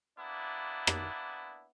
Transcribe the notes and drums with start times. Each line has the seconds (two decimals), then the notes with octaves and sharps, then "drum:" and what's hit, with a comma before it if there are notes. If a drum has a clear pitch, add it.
0.18 A#3 B3 D4 E4
0.87 drum: rim click